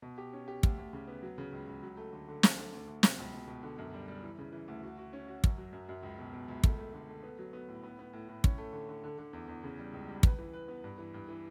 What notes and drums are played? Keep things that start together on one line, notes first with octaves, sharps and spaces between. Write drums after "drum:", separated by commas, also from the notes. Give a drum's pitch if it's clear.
B2
G4
C#4
G4
D2, drum: kick
D2
C#3
B3
F#3
C#3
C#2
C#2
F#3
A3
D3
D3
D2, drum: snare
D3
D2
D2
B2, drum: snare
C#2
B2
B2
D3
F#2
G3
G3
E3
C#3
E3
D2
F#4
F#4
C#4
F#4
F#2, drum: kick
F#3
F#2
F#2
C#2
B2
B2
C#2
A3, drum: kick
A3
D3
A3
B3
F#3
B3
A2
B3
B3
A2
A2
C#4, drum: kick
A3
D3
D3
D3
D3
E2
E2
C#3
G3
C#2
G3
B4, drum: kick
E3
B4
B3
G2
E3
G2
E3